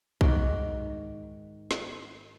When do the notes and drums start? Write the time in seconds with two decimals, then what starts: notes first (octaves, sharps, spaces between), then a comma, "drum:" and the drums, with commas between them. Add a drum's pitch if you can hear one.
0.21 G#2 D#3 F#4 G5, drum: kick B1
1.71 drum: snare